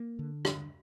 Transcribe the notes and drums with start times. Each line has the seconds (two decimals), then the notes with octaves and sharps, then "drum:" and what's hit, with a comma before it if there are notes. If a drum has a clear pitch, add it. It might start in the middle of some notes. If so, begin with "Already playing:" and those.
Already playing: A#3
0.19 D3
0.45 drum: rim click